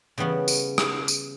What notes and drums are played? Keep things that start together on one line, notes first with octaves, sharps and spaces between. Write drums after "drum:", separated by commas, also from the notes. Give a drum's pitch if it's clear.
C#3 E3 G3 B3 C#4
drum: tambourine
drum: rim click
drum: tambourine